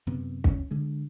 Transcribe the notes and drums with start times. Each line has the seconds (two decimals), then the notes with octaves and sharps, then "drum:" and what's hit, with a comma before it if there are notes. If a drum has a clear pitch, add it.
0.07 F#2 C3 B3
0.44 C#4, drum: kick
0.71 D3 G#3